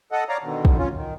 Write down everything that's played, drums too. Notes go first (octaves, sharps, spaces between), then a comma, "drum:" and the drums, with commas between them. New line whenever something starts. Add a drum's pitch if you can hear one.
A4 D#5 F#5
C#5 D5 F5 A#5
B2 D3 D#3
drum: kick
C#4 F4
D#3